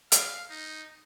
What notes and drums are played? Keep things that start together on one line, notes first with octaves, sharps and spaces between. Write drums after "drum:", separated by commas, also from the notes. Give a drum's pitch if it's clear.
F5, drum: hi-hat
D#4